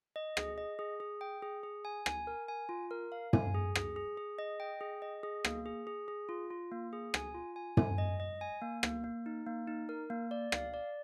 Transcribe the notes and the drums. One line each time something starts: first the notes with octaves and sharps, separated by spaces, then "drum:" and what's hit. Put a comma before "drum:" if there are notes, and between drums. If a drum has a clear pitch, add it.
D#5
G#4, drum: rim click
D#5
G#4
G#4
G5
G#4
G#4
G#5
G#5, drum: rim click
A#4
G#5
F4
A#4
F5
G#5, drum: tom
G#4
G#4, drum: rim click
G#4
G#4
D#5
G5
G#4
D#5
G#4
A#3, drum: rim click
G#4
G#4
G#4
F4
F4
A#3
G#4
G#5, drum: rim click
F4
G#5
G#5, drum: tom
D#5
D#5
G#5
A#3
A#3, drum: rim click
A#3
D#4
A#3
D#4
A#4
A#3
D5
F5, drum: rim click
D5